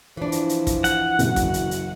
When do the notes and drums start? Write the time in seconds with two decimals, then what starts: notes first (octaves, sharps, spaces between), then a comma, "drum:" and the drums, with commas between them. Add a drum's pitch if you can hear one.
0.17 E3 F3 D4
0.32 drum: hi-hat
0.49 drum: hi-hat
0.67 drum: kick, hi-hat
0.84 F#5, drum: hi-hat
1.19 F#1 F#4, drum: hi-hat
1.36 drum: kick, hi-hat
1.54 drum: hi-hat
1.71 drum: hi-hat